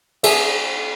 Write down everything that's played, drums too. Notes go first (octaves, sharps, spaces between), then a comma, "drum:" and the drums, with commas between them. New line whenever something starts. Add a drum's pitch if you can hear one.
G#4 A4 B4 D5 E5, drum: cymbal